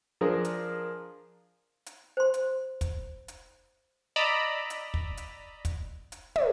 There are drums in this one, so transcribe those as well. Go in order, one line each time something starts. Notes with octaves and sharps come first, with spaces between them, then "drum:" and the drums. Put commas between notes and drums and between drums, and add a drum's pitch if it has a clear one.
F3 D4 G#4 A#4 D5
drum: hi-hat
drum: hi-hat
C5 C6
drum: hi-hat
drum: kick, hi-hat
drum: hi-hat
D5 D#5 A#5 B5 E6
drum: hi-hat
drum: kick
drum: hi-hat
drum: kick, hi-hat
drum: hi-hat
drum: tom